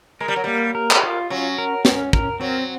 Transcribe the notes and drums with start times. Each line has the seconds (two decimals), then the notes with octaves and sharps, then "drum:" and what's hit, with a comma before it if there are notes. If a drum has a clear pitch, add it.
0.20 G#3 A#4
0.28 G3
0.36 F#3
0.44 G3 A#3
0.75 A#4
0.91 drum: clap
1.03 F4
1.30 F#3 C#4
1.58 A#4
1.85 C#4, drum: snare
2.13 A#4, drum: kick
2.40 F#3 C4